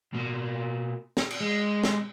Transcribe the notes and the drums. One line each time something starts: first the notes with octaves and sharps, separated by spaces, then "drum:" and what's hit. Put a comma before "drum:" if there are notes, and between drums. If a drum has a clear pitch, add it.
B2 A#3
drum: snare
drum: cymbal
G#3
drum: snare